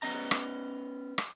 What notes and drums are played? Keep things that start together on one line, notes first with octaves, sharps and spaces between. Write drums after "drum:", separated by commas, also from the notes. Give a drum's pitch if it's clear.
B3 C#4 D#5 A#5
drum: rim click
drum: rim click